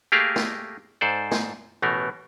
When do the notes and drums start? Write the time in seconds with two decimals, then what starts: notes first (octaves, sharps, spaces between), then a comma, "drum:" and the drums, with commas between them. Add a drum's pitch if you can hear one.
0.12 A3 A#3 G4 G#4 A#4 F5
0.36 drum: snare
1.01 G#2 A4 C5 D5
1.31 drum: snare
1.82 A1 B2 E3 A3 A#4